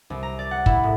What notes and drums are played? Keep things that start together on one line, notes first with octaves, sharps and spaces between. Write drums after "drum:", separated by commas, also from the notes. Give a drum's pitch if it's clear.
C2
A#5
D5
F#5
E4, drum: kick
A2